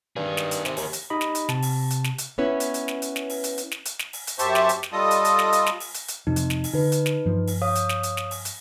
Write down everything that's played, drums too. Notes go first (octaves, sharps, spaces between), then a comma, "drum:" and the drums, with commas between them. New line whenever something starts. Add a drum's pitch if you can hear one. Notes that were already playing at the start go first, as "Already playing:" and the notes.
G2 D#3 G#4
drum: snare
drum: hi-hat
C3, drum: snare
D#2, drum: open hi-hat
drum: hi-hat
D#4 G4 D#5 B5
drum: snare
drum: hi-hat
C3 A5, drum: snare
drum: open hi-hat
drum: hi-hat
drum: snare
drum: hi-hat
B3 C#4 E4 B4 C#5
drum: hi-hat
drum: hi-hat
drum: snare
drum: hi-hat
drum: snare
drum: open hi-hat
drum: hi-hat
drum: hi-hat
drum: snare
drum: hi-hat
drum: snare
drum: open hi-hat
drum: hi-hat
F#2 G4 C5 E5 A5 C#6, drum: hi-hat
drum: snare
drum: hi-hat
drum: snare
G3 F4 A4 D#5 D#6
drum: hi-hat
drum: hi-hat
drum: snare
drum: hi-hat
drum: snare
drum: open hi-hat
drum: hi-hat
drum: hi-hat
F2 C3 D#4
drum: hi-hat
drum: snare
drum: open hi-hat
D3 D#4 B4
drum: hi-hat
drum: snare
G2 F3
drum: open hi-hat
C#5 F5 D#6
drum: hi-hat
drum: snare
drum: hi-hat
drum: snare
drum: open hi-hat
drum: hi-hat